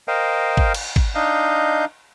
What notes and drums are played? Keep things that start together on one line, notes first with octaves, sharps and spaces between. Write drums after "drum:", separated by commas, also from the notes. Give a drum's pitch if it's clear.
A#4 C5 D#5 F5 G5
drum: kick
drum: cymbal
drum: kick
D4 D#4 D#5 F5 G6